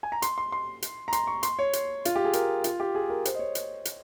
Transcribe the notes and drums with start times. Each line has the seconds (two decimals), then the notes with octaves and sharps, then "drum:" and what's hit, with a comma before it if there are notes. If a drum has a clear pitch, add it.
0.03 G#5
0.12 A#5
0.22 C6, drum: hi-hat
0.38 C6
0.52 C6
0.82 drum: hi-hat
1.08 A#5
1.13 C6, drum: hi-hat
1.27 C#6
1.43 C6, drum: hi-hat
1.59 C#5
1.73 drum: hi-hat
2.05 F4, drum: hi-hat
2.15 G4
2.24 G#4
2.33 A#4, drum: hi-hat
2.64 F4, drum: hi-hat
2.80 G4
2.95 G#4
3.10 A#4
3.25 C5, drum: hi-hat
3.34 D#5
3.39 C#5
3.55 drum: hi-hat
3.85 drum: hi-hat